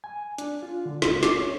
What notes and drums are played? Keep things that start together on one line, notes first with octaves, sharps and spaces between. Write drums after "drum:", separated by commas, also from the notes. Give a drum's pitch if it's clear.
G#5
D4, drum: hi-hat
F4
D3
C#2, drum: snare
D6, drum: snare
C#5